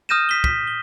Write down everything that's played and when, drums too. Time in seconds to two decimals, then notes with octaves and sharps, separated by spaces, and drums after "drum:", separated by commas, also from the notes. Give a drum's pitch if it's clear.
0.09 D#6 F6 G6 A#6 D#7 E7
0.29 B6 G7
0.44 B6, drum: kick
0.67 G7